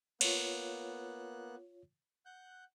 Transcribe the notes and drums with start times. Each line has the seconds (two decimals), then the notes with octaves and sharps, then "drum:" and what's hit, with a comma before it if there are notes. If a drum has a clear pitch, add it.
0.21 A#3 B3 F4 C#5 F#6, drum: cymbal
2.26 F#5 F#6 G6